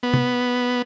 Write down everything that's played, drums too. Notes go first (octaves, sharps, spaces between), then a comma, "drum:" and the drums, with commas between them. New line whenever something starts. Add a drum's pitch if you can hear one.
B3
drum: tom